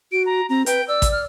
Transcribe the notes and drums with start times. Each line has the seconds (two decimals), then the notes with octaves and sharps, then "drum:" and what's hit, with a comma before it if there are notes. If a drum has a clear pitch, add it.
0.12 F#4 D7
0.26 A#5
0.49 C4 A#5
0.66 B4 G5, drum: hi-hat
0.88 D5 E6
1.02 drum: kick A1, hi-hat
1.12 F6